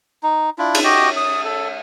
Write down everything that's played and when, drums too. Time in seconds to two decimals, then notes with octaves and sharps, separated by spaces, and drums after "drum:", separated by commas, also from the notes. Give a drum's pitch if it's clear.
0.23 D#4
0.58 D4 E4 F4
0.75 drum: cymbal
0.84 F#4 G4 D#5 G5
1.16 D#6
1.45 A4